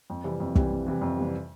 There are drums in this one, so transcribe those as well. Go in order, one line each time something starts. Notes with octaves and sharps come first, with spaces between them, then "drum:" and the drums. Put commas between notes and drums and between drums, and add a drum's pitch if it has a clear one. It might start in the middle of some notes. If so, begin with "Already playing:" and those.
F2
C3 E3 G3
F2
C3 E3 G3, drum: kick
F2
C3 E3 G3
F2
C3 E3 G3